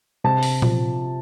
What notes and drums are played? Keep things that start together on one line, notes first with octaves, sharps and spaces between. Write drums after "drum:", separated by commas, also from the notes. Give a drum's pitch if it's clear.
C3 A5
drum: open hi-hat
F3, drum: tom A#2